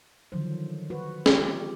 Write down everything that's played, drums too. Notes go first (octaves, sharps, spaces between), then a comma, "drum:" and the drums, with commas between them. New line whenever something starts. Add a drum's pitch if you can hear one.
D3 D#3 F3 F#3 C5
F#4 B4 C5
F3 G#3 C4 D4 F4 G4, drum: snare